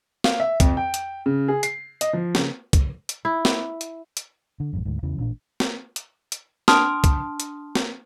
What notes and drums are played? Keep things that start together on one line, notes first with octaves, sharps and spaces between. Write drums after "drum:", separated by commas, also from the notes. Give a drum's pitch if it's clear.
F5, drum: snare
E5
F2, drum: kick, hi-hat
G5
drum: hi-hat
C#3
G#4
C7, drum: hi-hat
D#5, drum: hi-hat
F3
C#3, drum: snare
drum: kick, hi-hat
drum: hi-hat
E4
drum: snare
drum: hi-hat
drum: hi-hat
D3
A1 F#2
D2 G#2
E2 C#3 E3
A1 A#2 D4
drum: snare
drum: hi-hat
drum: hi-hat
D4 A5 C6 D#6 F6, drum: snare
drum: kick, hi-hat
drum: hi-hat
drum: snare